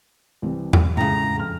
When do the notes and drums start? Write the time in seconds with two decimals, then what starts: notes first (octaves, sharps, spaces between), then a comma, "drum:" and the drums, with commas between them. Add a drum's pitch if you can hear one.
0.42 C2 E3 C4
0.73 drum: tom E2
0.97 A2 C#3 G#3 A#5
1.37 F2 F6